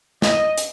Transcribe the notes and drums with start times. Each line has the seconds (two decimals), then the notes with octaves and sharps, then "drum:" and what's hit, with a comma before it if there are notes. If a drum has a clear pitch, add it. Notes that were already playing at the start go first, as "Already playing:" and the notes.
0.22 D#5, drum: snare
0.58 drum: hi-hat